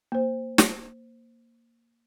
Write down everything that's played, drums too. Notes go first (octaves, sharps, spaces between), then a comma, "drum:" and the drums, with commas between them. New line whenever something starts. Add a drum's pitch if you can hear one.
A#3 C5
drum: snare